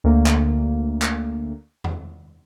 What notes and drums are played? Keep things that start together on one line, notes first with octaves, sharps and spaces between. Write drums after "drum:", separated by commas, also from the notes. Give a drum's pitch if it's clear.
D2 A#3
drum: clap
drum: clap
drum: tom E2